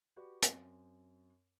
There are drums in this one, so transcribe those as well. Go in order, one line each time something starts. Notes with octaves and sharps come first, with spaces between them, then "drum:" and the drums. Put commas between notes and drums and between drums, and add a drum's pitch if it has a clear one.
F#4 G4 B4 D5 B5 C#6
F#2 C4, drum: hi-hat